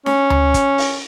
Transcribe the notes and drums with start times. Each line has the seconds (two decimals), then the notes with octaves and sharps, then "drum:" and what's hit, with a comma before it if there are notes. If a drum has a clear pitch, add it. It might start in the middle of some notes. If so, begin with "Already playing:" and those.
0.06 C#4, drum: snare
0.30 drum: tom D2
0.54 drum: kick, hi-hat
0.78 drum: open hi-hat